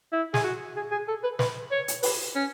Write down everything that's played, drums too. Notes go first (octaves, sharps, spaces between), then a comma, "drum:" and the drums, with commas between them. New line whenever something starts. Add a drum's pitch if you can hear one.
E4
G#4, drum: snare
F#4
G#4
G#4
A4
B4
B4, drum: snare
C#5
drum: hi-hat
B4, drum: open hi-hat
C#4